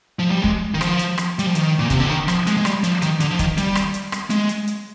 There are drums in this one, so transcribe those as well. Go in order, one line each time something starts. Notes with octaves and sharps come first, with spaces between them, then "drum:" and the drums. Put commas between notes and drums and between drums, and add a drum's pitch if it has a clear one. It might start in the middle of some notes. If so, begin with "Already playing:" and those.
F3
G3
G#3, drum: kick
D#3
F3, drum: rim click
drum: hi-hat
drum: rim click
G3, drum: hi-hat
F3
D#3, drum: hi-hat
A#2
C3, drum: kick, hi-hat
D3
D#3
F3, drum: rim click
G#3, drum: hi-hat
G#3
G3, drum: rim click
F3, drum: hi-hat
D#3, drum: hi-hat
D3, drum: hi-hat
F3
D#3, drum: kick, hi-hat
G3, drum: hi-hat
drum: rim click
drum: hi-hat
drum: rim click
G#3, drum: hi-hat
drum: hi-hat
drum: hi-hat